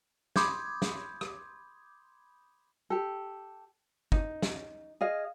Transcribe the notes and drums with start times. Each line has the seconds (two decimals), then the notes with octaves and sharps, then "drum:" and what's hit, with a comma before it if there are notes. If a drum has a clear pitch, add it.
0.36 B5 C6 D6 D#6 G6 G#6, drum: snare
0.82 drum: snare
1.21 drum: rim click
2.90 G4 A4
4.12 D#4, drum: kick
4.42 drum: snare
5.01 G#4 D#5 F5